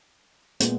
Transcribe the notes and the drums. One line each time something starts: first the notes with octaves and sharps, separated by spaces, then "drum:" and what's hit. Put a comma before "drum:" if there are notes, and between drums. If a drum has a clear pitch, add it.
A#2 G#3 B3, drum: hi-hat